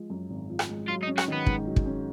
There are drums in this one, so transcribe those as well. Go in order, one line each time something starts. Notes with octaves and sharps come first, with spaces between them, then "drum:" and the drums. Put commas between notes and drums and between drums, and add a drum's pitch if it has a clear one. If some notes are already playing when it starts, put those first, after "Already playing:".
Already playing: F3 G#3
F#2
G#1
F3
drum: rim click
G#3
F#3 F4
D#4
C#4
F#4, drum: rim click
D#3 B3
G#2, drum: kick
F#3
drum: kick
C#4